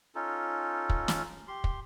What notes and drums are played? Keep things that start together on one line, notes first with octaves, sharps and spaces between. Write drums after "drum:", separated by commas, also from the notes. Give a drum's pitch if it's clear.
C#4 D#4 F4 A4
drum: kick
drum: snare
G4 C6
drum: kick